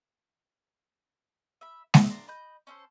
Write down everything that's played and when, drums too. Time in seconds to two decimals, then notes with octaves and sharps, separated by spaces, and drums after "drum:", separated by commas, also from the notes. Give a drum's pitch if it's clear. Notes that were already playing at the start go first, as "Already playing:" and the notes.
1.61 E5 B5
1.94 D4 D#5 E5, drum: snare G#3
2.10 D4 F4 A#4 A#5
2.28 D#5 B5 G6
2.67 C#4 D4 A4 C5